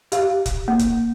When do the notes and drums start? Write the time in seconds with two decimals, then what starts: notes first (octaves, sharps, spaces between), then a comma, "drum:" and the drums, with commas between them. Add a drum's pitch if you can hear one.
0.12 G4 F5, drum: hi-hat
0.46 drum: kick, hi-hat
0.68 A#3
0.79 drum: kick, hi-hat